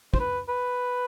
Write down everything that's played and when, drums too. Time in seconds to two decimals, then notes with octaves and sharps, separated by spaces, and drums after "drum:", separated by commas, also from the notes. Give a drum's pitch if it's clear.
0.14 C5, drum: kick
0.20 B4
0.49 B4